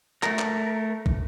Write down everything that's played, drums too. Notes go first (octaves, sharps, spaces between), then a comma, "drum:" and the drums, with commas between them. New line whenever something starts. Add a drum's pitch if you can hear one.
A3 A#4, drum: clap
drum: clap
drum: kick